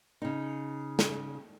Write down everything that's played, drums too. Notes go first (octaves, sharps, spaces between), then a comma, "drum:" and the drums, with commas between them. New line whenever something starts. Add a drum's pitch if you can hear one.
C#3 D#4
drum: snare